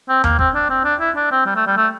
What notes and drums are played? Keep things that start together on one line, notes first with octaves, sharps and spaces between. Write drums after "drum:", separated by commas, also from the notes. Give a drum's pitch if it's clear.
C4
A#3, drum: tom D#2
C4, drum: kick
D4
C4
D4
E4
D4
C4
G3
A3
G3
A3